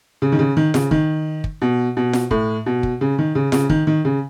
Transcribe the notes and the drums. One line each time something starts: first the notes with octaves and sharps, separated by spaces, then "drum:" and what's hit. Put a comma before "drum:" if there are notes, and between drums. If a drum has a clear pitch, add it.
C#3
D#3
C#3
D#3
C#3, drum: snare F4
D#3, drum: kick
drum: kick
B2
B2
drum: snare F4
A2, drum: kick
B2
drum: kick
C#3
D#3
C#3
C#3, drum: snare F4
D#3, drum: kick
D#3
C#3